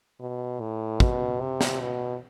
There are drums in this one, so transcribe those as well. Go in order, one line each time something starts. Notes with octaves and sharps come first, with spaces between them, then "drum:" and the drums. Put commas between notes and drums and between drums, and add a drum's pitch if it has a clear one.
B2
A2
B2, drum: kick
C3
drum: snare
B2